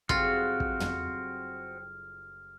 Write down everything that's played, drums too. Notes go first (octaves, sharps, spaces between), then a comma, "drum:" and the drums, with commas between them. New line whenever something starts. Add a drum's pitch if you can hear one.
F#1 G3 C4 F4 F#4 A4 F6, drum: kick
drum: kick
drum: tom